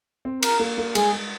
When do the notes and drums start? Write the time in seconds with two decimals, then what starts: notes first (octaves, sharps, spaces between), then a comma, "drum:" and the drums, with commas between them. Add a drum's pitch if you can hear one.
0.25 C4
0.43 A#4, drum: cymbal
0.60 A#3
0.78 A#3
0.95 G#3 G#4, drum: cymbal
1.13 G#3